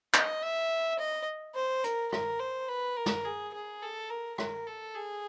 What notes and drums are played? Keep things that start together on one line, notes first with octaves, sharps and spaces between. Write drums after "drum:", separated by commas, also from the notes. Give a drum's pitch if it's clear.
D#5, drum: clap
E5
D#5
C5
A#4, drum: hi-hat
A#4, drum: rim click
C5
B4
A#4
drum: snare
G#4
G#4
A4
A#4
A#4, drum: rim click
A4
G#4